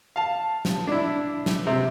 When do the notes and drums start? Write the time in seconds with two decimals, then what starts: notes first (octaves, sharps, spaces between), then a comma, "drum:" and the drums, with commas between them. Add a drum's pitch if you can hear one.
0.16 F5 A5
0.65 drum: snare
0.87 D4 E4
1.46 drum: snare
1.67 C3